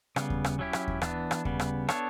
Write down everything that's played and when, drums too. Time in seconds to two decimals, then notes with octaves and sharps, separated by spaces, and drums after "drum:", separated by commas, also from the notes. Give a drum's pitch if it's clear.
0.16 C#3 G3 B3, drum: rim click
0.30 drum: kick D#2
0.44 drum: rim click
0.59 F#3 C#4 E4 G4
0.73 drum: rim click
0.88 drum: kick D#2
1.02 E3 B3 D4, drum: rim click
1.31 drum: rim click
1.45 C#3 G3 B3, drum: kick D#2
1.59 drum: rim click
1.89 B3 D4 A4 C#5, drum: rim click